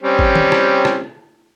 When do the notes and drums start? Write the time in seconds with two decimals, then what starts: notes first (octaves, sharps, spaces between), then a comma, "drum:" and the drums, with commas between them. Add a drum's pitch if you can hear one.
0.02 G3 C4 C#4
0.19 drum: kick
0.35 drum: tom
0.52 drum: rim click
0.85 drum: rim click